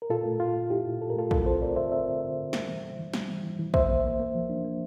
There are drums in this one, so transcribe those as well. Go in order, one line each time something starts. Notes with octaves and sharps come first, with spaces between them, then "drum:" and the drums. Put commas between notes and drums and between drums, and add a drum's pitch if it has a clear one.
A#4
A#2 F4 A4
A3
A#2 F4
A#2
A#2 E4 G4
A#2
A#2 A4
A#4
A3 F4 A4
C4 F4 A4, drum: kick
C4 A4 C5
A3 A#4 D5
D3 C5 E5
C4 C5 E5
D3
D3
D3
G3, drum: snare
E3
E3
E3
G3, drum: snare
E3
E3
E3
A#3 C5 E5, drum: kick
A#3
A#3
A#3
F3
D4
A#3